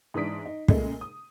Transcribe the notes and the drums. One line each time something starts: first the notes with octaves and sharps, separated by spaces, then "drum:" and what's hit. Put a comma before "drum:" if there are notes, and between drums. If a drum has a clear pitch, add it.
G#2 E3 D4 D#6 B6 D7
D#4
A#2 C#3 G#3 A3, drum: kick
D#6